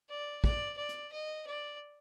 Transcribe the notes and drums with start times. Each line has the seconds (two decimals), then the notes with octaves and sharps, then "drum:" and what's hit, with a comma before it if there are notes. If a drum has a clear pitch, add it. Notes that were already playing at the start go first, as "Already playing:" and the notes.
0.09 D5
0.44 D5, drum: kick
0.77 D5
0.89 drum: hi-hat
1.12 D#5
1.46 D5